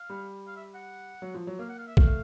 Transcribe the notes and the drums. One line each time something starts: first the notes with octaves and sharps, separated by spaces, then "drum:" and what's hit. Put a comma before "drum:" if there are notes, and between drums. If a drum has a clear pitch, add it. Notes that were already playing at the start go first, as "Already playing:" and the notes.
Already playing: F5
G3
F5
E5
F#5
F#3
F3
F#3
A#3 F5
F#5
F5
E5
A3 F5, drum: kick